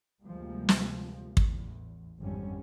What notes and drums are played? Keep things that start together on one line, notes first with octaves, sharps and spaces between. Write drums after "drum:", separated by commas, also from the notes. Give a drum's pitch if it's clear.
D2 C3 F3 G3 G#3 A#3
drum: snare
A1 E2, drum: kick
G#1 F2 G#2 D3 G3 C#4